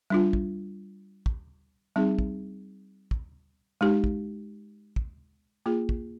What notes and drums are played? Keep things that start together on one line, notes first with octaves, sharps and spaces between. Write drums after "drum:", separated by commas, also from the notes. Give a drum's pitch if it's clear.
G3 D4 F4
drum: kick
drum: kick
G3 C4 D#4 G#4
drum: kick
drum: kick
G#3 D#4 G4
drum: kick
drum: kick
A#3 F4 G#4
drum: kick